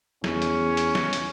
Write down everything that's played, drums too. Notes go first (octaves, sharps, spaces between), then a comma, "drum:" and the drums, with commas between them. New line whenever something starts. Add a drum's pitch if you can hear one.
E2 C#4, drum: snare
drum: hi-hat
drum: hi-hat
drum: snare
drum: hi-hat